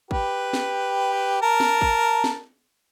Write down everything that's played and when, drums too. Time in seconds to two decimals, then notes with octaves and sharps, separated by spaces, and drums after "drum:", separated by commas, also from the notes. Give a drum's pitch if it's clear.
0.11 G4 B4, drum: kick
0.53 drum: snare
1.42 A#4 A5
1.60 drum: snare
1.81 drum: kick
2.24 drum: snare